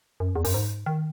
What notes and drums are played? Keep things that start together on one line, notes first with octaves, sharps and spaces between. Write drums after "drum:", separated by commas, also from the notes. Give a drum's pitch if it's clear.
F#2
E2
F#2, drum: open hi-hat
G#2
D#3